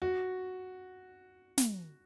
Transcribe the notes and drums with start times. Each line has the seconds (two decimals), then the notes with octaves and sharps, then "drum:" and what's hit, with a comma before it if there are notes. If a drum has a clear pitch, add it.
0.02 F#4
1.58 drum: snare